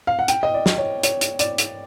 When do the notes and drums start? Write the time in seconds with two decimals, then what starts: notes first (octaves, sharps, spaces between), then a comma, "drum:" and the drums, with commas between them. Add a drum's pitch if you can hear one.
0.07 F5
0.19 F#5
0.28 G5, drum: hi-hat
0.43 D#5
0.54 D5
0.66 drum: snare
0.78 C#5
1.03 C#5, drum: hi-hat
1.21 drum: hi-hat
1.39 D5, drum: hi-hat
1.58 drum: hi-hat